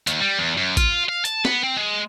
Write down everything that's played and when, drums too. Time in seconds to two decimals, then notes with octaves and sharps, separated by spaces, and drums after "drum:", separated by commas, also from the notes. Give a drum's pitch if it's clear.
0.07 D#2, drum: hi-hat
0.21 G3
0.39 E2
0.58 F#2
0.77 F4, drum: kick, hi-hat
1.09 F5
1.25 A5, drum: hi-hat
1.45 B3, drum: snare
1.64 C4
1.77 G#3